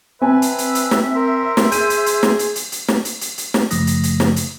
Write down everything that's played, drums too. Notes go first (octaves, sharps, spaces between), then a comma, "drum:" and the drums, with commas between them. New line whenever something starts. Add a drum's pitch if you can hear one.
C4 B4 E5 G#5 A5
drum: hi-hat
drum: hi-hat
drum: hi-hat
drum: snare
A#4 C5
drum: snare
G#4 G6 D#7, drum: hi-hat
drum: hi-hat
drum: hi-hat
drum: snare
drum: hi-hat
drum: hi-hat
drum: hi-hat
drum: snare
drum: hi-hat
drum: hi-hat
drum: hi-hat
drum: snare
F#2 C#3 F3 A3 D#6 A#6, drum: hi-hat
drum: hi-hat
drum: hi-hat
drum: snare
drum: hi-hat